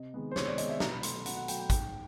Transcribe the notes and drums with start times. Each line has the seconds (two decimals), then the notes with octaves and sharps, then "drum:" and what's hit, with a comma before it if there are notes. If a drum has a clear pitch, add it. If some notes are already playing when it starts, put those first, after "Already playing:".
Already playing: C3 D#5
0.14 D#3 G#3 B3
0.32 C5
0.36 C3 C#5, drum: snare
0.48 D5
0.58 D#3 G#3 B3 D#5, drum: hi-hat
0.69 E5
0.80 B2 A#5, drum: snare
0.92 B5
1.03 F#3 A3 C6, drum: hi-hat
1.26 B2 F#5, drum: hi-hat
1.37 F#5
1.48 F#3 A3 G5, drum: hi-hat
1.60 G5
1.70 G#2 G5, drum: kick G#1, hi-hat